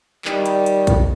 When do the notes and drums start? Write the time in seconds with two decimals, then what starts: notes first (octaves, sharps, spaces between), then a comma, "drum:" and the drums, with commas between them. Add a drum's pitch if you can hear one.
0.25 D#3 G3, drum: clap
0.46 drum: hi-hat
0.66 drum: hi-hat
0.87 drum: kick, hi-hat